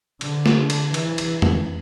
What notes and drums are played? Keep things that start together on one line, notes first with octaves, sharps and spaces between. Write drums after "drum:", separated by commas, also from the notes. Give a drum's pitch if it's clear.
D3, drum: cymbal
drum: snare
D3
drum: cymbal
E3, drum: cymbal
drum: cymbal
drum: tom F2